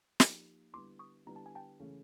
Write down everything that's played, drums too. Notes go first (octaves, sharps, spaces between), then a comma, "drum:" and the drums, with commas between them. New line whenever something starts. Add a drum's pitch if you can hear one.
F3 A#3 D#4 G4, drum: snare
D3 G3 B3 E4 C6 D6
C#6 D#6
D3 G3 B3 E4 A#5
A5
G#5
G5 A5
C#3 E3 A3 C#4